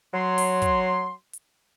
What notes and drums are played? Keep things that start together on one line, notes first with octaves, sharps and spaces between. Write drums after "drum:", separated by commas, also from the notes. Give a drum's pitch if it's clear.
F#3 C6
drum: open hi-hat
drum: kick, hi-hat
drum: hi-hat